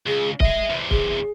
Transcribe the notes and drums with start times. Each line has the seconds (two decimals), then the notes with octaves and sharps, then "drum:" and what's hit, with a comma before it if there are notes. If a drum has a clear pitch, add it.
0.07 C#2 G#4
0.40 G#4 D#5 E5, drum: kick
0.70 E2 C3
0.91 G#4, drum: kick